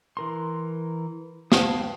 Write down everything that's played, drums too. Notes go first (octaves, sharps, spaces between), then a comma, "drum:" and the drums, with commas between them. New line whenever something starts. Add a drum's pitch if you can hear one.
E3 A#4 C6
B4 F5 G5 A5 D#6, drum: snare